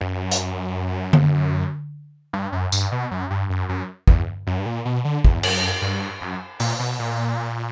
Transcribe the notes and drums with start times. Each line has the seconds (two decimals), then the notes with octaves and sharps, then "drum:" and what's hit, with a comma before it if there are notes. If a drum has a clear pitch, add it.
0.01 F#2
0.31 drum: hi-hat
1.13 drum: tom D3
2.33 G2
2.52 F#2
2.72 G2, drum: tambourine
2.92 B2
3.11 F#2
3.30 G2
3.50 F#2
3.69 F#2
4.08 E2, drum: kick
4.47 F#2
4.59 G2
4.66 A#2
4.85 B2
5.05 D3
5.24 E2, drum: kick
5.43 F#2, drum: cymbal
5.82 G2
6.21 F#2
6.60 A#2, drum: open hi-hat
6.79 B2
6.99 A#2